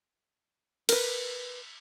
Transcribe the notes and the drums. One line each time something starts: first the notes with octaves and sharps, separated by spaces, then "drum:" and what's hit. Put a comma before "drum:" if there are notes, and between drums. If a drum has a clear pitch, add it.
A#4 B4, drum: cymbal